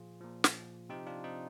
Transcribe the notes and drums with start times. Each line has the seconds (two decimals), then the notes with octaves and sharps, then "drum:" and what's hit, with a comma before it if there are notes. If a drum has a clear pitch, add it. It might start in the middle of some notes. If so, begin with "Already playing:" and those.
Already playing: A#2 F3 F4 G#4
0.21 A#2 F3
0.44 drum: snare
0.89 C3 F3 D#4 G4
1.07 D4 F4
1.24 C4 D#4